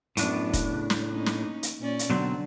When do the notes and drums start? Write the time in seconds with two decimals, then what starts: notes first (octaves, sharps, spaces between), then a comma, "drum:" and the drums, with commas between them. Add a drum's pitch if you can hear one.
0.17 F#2 A2 B3 D4, drum: hi-hat
0.53 drum: kick F1, hi-hat
0.71 C#3
0.90 drum: snare
1.10 A#3 C#4 D#4
1.26 drum: snare
1.63 drum: hi-hat
1.80 A#2 C#4 D5
1.99 drum: hi-hat
2.10 B2 D3 F#3 C4